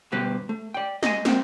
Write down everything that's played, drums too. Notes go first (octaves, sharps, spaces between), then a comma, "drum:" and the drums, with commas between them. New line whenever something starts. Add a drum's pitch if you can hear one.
D2 G2 B2 G4 B4
A3
D5 G5
D#5 G#5, drum: snare
A#3 C4 G5, drum: snare